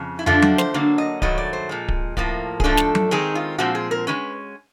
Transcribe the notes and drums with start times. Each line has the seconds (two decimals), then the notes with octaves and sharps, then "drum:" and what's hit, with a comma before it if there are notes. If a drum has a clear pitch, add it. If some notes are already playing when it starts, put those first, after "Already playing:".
Already playing: F2 C#3
0.19 E4
0.26 D3 F3 A3 D4 F4, drum: tom
0.42 F#4, drum: tom F#3
0.58 C5, drum: snare
0.74 D3 F#3 A#3 D4
0.98 D#5
1.22 G2 D#3 F#3 A3 D#5, drum: kick D1
1.38 D5
1.53 C5
1.69 A#2 F3 G#3
1.88 drum: kick D1
2.17 A2 F3 A#3, drum: kick D1
2.60 G#4, drum: kick D1
2.64 G#2 F3 A3 D4 A4
2.77 drum: snare
2.95 drum: tom F#3
3.11 D#3 G#3 C4 D#4 G#4
3.35 F4
3.58 A#2 F3 G#3 C4 F#4
3.75 G#4
3.91 A#4
4.07 D#3 G#3 C#4 B4